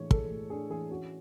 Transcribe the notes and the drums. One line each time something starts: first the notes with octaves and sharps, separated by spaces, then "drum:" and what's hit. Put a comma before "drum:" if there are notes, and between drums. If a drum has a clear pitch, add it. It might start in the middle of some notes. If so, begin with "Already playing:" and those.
Already playing: A2 E3 G#3 D4 C#5
G#3 A4, drum: kick
A2
D4 G#4
E3 G#4
C#4 F#4